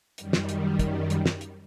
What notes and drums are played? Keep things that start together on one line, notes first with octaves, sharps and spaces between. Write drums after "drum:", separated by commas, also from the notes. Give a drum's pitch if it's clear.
F#2 D#3 G3, drum: hi-hat
drum: snare
drum: hi-hat
drum: kick, hi-hat
drum: hi-hat
drum: snare
drum: hi-hat